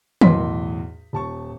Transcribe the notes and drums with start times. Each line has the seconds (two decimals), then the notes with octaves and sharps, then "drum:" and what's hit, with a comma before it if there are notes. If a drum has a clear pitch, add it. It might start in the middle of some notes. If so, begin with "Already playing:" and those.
0.21 B1 E2 A2 D#5 C6 B6, drum: tom D#3
1.13 D#1 A5 C#6